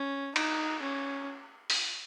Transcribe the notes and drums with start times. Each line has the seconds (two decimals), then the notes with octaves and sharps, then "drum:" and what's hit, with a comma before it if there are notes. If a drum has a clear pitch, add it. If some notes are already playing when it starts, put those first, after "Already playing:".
Already playing: C#4
0.36 D#4, drum: cymbal
0.83 C#4
1.70 drum: open hi-hat